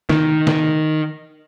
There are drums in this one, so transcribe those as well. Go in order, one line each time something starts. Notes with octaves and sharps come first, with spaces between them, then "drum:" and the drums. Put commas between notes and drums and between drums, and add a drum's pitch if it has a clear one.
D#3, drum: snare
drum: snare